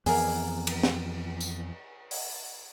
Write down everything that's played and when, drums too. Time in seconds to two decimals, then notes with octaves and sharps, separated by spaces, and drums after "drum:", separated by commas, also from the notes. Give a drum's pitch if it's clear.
0.06 F2 E3 B3 G#4 A#4, drum: open hi-hat
0.67 drum: cymbal
0.83 drum: snare
1.41 drum: tambourine
2.11 drum: open hi-hat